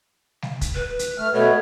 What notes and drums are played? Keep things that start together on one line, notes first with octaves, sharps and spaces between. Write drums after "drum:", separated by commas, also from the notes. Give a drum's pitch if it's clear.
drum: snare
drum: kick, hi-hat
B4
drum: hi-hat
A3 F6
B2 A3 B3 C#5